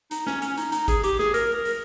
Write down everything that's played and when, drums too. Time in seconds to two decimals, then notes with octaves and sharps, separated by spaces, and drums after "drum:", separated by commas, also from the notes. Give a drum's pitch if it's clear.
0.11 D#4, drum: hi-hat
0.27 C#4, drum: snare
0.42 C#4, drum: hi-hat
0.57 D#4, drum: hi-hat
0.72 D#4, drum: hi-hat
0.88 G#4, drum: kick G#1, hi-hat
1.03 G4, drum: hi-hat
1.19 G#4, drum: snare
1.34 A#4, drum: hi-hat
1.55 A#4
1.65 drum: hi-hat